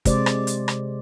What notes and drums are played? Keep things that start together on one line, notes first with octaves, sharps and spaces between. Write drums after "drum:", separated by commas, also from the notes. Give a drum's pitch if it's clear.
C3 G#3 C5 D5, drum: kick, hi-hat
drum: rim click
drum: hi-hat
drum: rim click